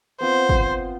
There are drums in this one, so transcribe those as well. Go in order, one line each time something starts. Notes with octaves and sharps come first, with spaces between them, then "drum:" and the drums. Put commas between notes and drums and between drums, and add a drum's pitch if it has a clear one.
B3 C4 F4 C5
drum: kick